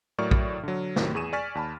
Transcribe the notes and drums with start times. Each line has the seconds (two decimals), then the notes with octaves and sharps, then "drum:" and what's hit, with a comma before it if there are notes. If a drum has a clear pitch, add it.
0.18 A2 F#3 A#4 D5 C#6 F6
0.31 drum: kick A#1
0.63 D3 F#3
0.96 D#2 A2 C3 D#3 F#3, drum: snare
1.15 E2 G#4 C#6 D#7 E7
1.33 D5 G#5 C#6 F6 A6 B6
1.55 D#2 A5 B5